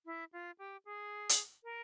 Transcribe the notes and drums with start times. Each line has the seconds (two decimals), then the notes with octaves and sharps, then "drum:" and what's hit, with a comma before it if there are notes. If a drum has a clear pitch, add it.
0.06 E4
0.33 F4
0.58 G4
0.85 G#4
1.29 drum: hi-hat
1.63 A#4